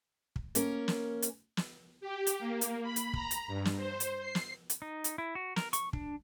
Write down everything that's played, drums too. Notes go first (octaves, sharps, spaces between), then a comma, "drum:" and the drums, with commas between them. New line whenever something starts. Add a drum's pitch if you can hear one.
drum: kick
A#3 C#4 A#4, drum: hi-hat
drum: snare
drum: hi-hat
drum: snare
G4
drum: hi-hat
A#3
drum: hi-hat
B5
drum: hi-hat
A#5, drum: kick
drum: hi-hat
G2
drum: snare
C5
drum: hi-hat
C7
drum: snare
drum: hi-hat
D#4
drum: hi-hat
E4
F#4
A#4, drum: snare
C#6, drum: hi-hat
D4, drum: kick